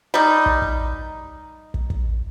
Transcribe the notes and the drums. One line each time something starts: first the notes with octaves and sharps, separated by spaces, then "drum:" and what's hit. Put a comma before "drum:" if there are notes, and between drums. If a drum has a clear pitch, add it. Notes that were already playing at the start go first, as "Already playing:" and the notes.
G3 D#4
drum: kick
drum: kick
drum: kick
drum: kick